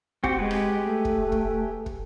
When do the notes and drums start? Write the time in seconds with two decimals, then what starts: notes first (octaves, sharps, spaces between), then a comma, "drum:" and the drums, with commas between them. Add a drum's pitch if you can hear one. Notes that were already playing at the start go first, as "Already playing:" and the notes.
0.24 C4 F#4 G4, drum: kick
0.39 G#3 G4 G#4 B4
0.51 drum: rim click
0.84 A3
1.05 drum: kick
1.32 drum: kick
1.86 drum: kick